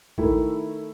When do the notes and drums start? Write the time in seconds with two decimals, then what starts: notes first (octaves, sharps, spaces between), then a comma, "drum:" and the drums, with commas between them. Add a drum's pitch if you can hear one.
0.18 D#3 A3 E4, drum: kick A1